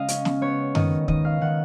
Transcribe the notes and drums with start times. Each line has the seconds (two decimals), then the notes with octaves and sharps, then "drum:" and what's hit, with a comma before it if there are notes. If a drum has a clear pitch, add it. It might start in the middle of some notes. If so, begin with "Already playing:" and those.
Already playing: C#3 G#3 D#5 F5
0.08 C#4, drum: hi-hat
0.25 drum: snare
0.41 B3 C#5
0.75 D#3 D#5, drum: tom F#2
1.08 D#3 D#5, drum: kick
1.25 F5
1.41 D#3 F#5